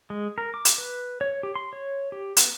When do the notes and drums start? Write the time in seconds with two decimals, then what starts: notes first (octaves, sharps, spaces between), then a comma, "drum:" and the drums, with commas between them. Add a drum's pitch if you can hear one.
0.10 G#3
0.38 A#4
0.54 D6
0.65 drum: hi-hat
0.78 B4
1.21 C#5
1.43 G4
1.56 C6
1.73 C#5
2.12 G4
2.37 B3, drum: hi-hat